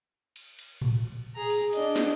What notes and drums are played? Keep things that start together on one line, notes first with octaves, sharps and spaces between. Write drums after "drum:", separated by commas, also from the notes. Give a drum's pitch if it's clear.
drum: cymbal
drum: cymbal
drum: tom A2
G#4 A#5
drum: cymbal
D4 D#5, drum: cymbal
drum: snare